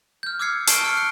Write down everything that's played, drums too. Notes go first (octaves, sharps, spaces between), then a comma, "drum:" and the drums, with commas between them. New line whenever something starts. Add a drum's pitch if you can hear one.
F6 G6
D6 E6 F6 G#6 C7 C#7
A5 C#6 F6 C7 D7 G7, drum: hi-hat
F6 C#7
F#6 C7 D7